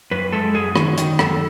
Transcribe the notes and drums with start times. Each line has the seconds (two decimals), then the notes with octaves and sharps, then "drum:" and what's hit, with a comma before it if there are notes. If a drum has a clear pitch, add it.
0.11 F#2 B4
0.32 G#3 A4
0.55 F#2 G#4
0.76 D#3 F#4, drum: rim click
0.98 D#3, drum: hi-hat
1.19 F#2 A4, drum: rim click